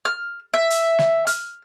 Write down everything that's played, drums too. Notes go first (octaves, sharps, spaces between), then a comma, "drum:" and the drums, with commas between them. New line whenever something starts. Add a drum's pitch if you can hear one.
F6
E5
drum: hi-hat
drum: snare
F6, drum: hi-hat